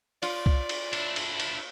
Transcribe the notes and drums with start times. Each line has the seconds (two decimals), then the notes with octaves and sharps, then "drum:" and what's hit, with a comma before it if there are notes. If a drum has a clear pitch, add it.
0.23 F4 D5, drum: cymbal
0.46 drum: kick
0.69 drum: cymbal
0.93 D4 E4, drum: cymbal
1.16 drum: cymbal
1.40 drum: cymbal